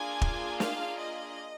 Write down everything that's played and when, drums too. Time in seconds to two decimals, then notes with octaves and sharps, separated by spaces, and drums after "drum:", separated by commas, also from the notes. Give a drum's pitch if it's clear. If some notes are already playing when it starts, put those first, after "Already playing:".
Already playing: A#3 D4 F4 G#4 G#5
0.21 drum: kick
0.60 F5, drum: snare
0.98 D#5